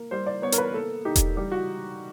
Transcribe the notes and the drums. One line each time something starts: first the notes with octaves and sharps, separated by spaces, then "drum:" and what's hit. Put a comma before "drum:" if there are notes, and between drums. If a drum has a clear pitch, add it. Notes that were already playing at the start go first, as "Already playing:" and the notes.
Already playing: A#3
G3 C5
D5
B3 C#5
A#4, drum: hi-hat
B4
A#3 A4
D#4 G4
drum: kick E1, hi-hat
G3 G4
F#4